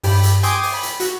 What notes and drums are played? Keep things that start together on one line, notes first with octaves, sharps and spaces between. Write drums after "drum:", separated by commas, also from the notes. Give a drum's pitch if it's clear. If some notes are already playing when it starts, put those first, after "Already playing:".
G2 G4 B5, drum: open hi-hat
drum: hi-hat
G5 G#5 C6 D6 D#6 G#6, drum: hi-hat
drum: open hi-hat
B5
drum: hi-hat
F#4, drum: hi-hat